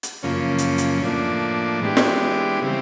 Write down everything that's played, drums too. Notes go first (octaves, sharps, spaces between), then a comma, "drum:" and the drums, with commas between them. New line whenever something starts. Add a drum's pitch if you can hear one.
drum: hi-hat
F#2 C#3 F3 A#3 C#4
drum: hi-hat
drum: hi-hat
A2 F3 A#3 D4
E3 G#3 B3 D4 G4
drum: snare
C#3 E3 G3 C4